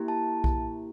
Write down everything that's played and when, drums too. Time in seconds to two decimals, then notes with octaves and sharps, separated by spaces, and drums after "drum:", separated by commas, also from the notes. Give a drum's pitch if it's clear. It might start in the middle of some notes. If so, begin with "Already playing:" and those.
Already playing: A#3 E4 G4
0.08 A5
0.44 drum: kick B1